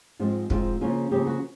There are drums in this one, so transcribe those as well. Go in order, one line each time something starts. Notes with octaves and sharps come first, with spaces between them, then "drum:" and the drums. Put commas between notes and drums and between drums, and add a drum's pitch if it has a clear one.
G#2 F3 G#3 C4 F4
G#2 F3 G#3 C4 F4, drum: kick
C#3 F3 A#3 C#4 F4
C#3 F3 A#3 C#4 G4
F#4